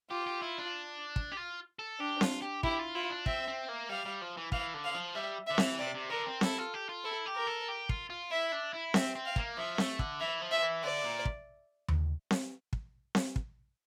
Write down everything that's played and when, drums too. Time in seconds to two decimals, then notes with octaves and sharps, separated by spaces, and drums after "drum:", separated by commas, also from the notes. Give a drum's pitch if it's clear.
0.11 F4 G4
0.27 G4
0.42 E4
0.58 D4
1.16 drum: kick
1.32 G4
1.37 F4
1.79 A4
2.00 D4 G4
2.21 F4, drum: snare C4
2.42 G4
2.63 E4 G4, drum: kick
2.79 F4
2.95 E4 F4
3.10 D4
3.26 C4 E5, drum: kick
3.48 C4
3.69 A#3
3.89 G3 F5
4.05 G3
4.21 F3
4.37 E3
4.52 E3 F5, drum: kick
4.74 D3
4.85 F5
4.94 F3
5.15 G3 E5
5.47 D3 E5
5.58 E3, drum: snare C4
5.79 C3 D5
5.95 C3
6.10 D3 A#4
6.26 C4
6.41 E4 A4, drum: snare C4
6.58 F4
6.74 G4
6.89 F4
7.04 E4 A4
7.26 G4
7.36 A#4
7.47 A4
7.68 G4
7.89 F4, drum: kick
8.10 F4
8.31 E4 E5
8.52 D4
8.73 E4
8.94 C4 E5, drum: snare C4
9.16 C4
9.26 F5
9.36 A#3, drum: kick
9.57 F3 E5
9.78 A3, drum: snare C4
9.99 D3, drum: kick
10.20 E3 E5
10.41 F3
10.51 E5
10.62 E3
10.83 D3 D5
11.04 A#2
11.25 drum: kick
11.89 drum: tom D#2
12.31 drum: snare C4
12.73 drum: kick
13.15 drum: snare C4
13.36 drum: kick